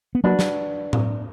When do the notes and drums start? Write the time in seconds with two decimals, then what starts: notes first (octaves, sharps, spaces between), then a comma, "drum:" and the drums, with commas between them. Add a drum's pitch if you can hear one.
0.15 B3
0.24 F#3 A#3 D4 F#4 B4
0.39 drum: snare
0.93 drum: tom A2